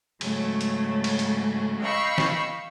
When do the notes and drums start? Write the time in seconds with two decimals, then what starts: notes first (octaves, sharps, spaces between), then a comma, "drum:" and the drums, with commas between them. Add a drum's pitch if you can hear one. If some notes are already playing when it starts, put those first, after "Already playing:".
0.21 G#2 C#3 F#3 A3, drum: cymbal
0.61 drum: hi-hat
1.04 drum: cymbal
1.19 drum: hi-hat
1.80 D#5 F5 G5 B5 C#6 E6
2.18 drum: snare